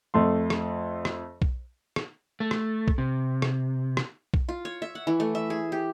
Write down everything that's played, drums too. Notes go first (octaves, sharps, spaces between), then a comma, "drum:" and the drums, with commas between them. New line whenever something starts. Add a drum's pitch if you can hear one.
F2 A3 C6
drum: rim click
drum: rim click
drum: kick B1
drum: rim click
A3
drum: rim click
drum: kick B1
C3
drum: rim click
drum: rim click
drum: kick B1
F4
C#5
E5
F#5
E3
A3
E5
G#4
G4